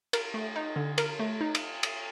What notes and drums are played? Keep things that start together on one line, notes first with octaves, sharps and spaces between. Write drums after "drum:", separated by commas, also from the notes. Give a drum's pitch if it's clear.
A#4, drum: cymbal
A3
D#4
D3
A#4, drum: cymbal
A3
D#4
drum: cymbal
drum: cymbal